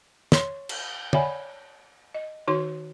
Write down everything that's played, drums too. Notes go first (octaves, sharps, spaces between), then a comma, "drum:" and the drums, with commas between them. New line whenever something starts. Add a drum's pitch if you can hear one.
C#5 C6, drum: snare
drum: cymbal
C#5 D5 E5 F#5 G#5 B5, drum: tom
D#5
D#3 D#4 F#4 C#5 C6